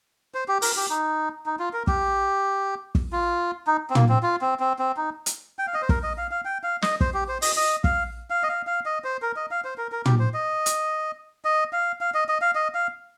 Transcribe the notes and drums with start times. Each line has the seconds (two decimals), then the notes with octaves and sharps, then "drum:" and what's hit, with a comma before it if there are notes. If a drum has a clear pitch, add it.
0.34 C5
0.48 G4
0.62 A#4, drum: open hi-hat
0.77 G4
0.90 D#4
1.46 D#4
1.59 F4
1.73 A#4
1.87 G4, drum: kick
2.95 drum: kick
3.12 F4
3.67 D#4
3.90 C4
3.95 A#3, drum: tom
4.09 C4
4.23 F4
4.42 C4
4.60 C4
4.79 C4
4.97 D#4
5.26 drum: hi-hat
5.59 G5
5.67 F5
5.74 D#5
5.82 C5
5.89 A#4, drum: kick
6.03 D#5
6.18 F5
6.31 F5
6.45 G5
6.63 F5
6.82 D#5, drum: snare
7.01 C5, drum: kick
7.14 G4
7.28 C5
7.42 D#5, drum: open hi-hat
7.57 D#5
7.84 F5, drum: kick
8.30 F5
8.43 D#5
8.49 F5
8.67 F5
8.86 D#5
9.04 C5
9.22 A#4
9.36 D#5
9.51 F5
9.64 C5
9.78 A#4
9.92 A#4
10.05 G4, drum: tom
10.20 C5
10.34 D#5
10.66 drum: hi-hat
11.45 D#5
11.73 F5
12.01 F5
12.14 D#5
12.28 D#5
12.41 F5
12.55 D#5
12.74 F5